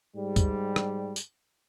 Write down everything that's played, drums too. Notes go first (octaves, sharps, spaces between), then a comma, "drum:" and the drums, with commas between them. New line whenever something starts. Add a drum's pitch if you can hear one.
G#2 G3
drum: kick, tambourine
drum: rim click
drum: tambourine